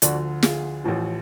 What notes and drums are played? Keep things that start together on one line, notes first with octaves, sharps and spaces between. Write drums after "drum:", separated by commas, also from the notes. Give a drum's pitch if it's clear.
D2 D3 F3 D4 F#4, drum: hi-hat
F4 G#4, drum: snare
A1 A2 F3